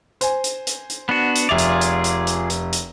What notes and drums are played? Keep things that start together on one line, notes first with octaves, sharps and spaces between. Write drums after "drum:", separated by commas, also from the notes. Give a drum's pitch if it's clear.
C5 G#5, drum: hi-hat
drum: hi-hat
drum: hi-hat
drum: hi-hat
B3 D4 F#4
drum: hi-hat
F1 F4 G#4 D5 E5 F7
drum: hi-hat
drum: hi-hat
drum: hi-hat
drum: hi-hat
drum: hi-hat
drum: hi-hat